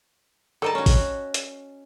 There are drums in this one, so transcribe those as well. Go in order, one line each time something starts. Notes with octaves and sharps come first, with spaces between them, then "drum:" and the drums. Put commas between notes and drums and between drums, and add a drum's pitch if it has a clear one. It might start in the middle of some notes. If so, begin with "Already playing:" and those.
G3 A4 A#4 D#5 A5
C#4 F#4
drum: kick A1, open hi-hat
drum: hi-hat